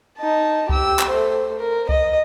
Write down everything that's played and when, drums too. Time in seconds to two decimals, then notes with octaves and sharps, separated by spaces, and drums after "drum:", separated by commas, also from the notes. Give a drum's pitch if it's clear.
0.18 D#4 A5
0.69 G4 E6, drum: kick C2
0.99 drum: clap
1.09 A3 C5
1.59 A#4
1.89 D#5, drum: kick C2